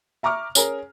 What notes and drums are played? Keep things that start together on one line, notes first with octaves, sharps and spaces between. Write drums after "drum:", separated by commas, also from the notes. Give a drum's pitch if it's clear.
E5 A#5 C#6 D6 F6
C#4 G#4 A#4, drum: tambourine